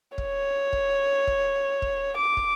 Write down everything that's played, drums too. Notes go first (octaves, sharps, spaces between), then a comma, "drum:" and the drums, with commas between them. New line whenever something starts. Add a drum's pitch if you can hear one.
C#5, drum: kick
drum: kick
drum: kick
drum: kick
D6
drum: kick